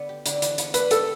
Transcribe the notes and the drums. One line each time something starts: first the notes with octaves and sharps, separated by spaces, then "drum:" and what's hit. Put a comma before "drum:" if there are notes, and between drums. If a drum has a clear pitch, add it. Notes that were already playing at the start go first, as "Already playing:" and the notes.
Already playing: D3 B3
G4
D3, drum: hi-hat
E3, drum: hi-hat
B3, drum: hi-hat
D4 B4, drum: hi-hat
G4 A4, drum: hi-hat